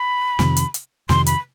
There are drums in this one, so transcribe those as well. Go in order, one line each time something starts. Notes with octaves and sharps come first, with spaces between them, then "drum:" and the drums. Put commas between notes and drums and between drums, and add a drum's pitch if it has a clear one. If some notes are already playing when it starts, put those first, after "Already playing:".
Already playing: B5
F2 C3 D#3, drum: snare
drum: hi-hat
drum: hi-hat
F2 C3 D#3 C6, drum: snare
B5, drum: hi-hat